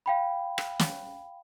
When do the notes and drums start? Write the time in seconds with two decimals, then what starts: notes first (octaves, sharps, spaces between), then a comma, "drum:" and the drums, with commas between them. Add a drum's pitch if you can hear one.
0.06 F5 G5 B5
0.58 drum: rim click
0.79 drum: snare